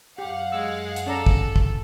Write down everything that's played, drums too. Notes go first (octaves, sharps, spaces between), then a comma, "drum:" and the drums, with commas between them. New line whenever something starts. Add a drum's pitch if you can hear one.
F#2 G4 F5 F#5
G#3 E6
drum: hi-hat
C#4 A4 D5 A#5
drum: kick
drum: kick